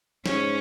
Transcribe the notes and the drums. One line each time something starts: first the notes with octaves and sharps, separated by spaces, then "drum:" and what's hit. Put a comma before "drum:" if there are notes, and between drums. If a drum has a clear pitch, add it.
G#2 C#4, drum: snare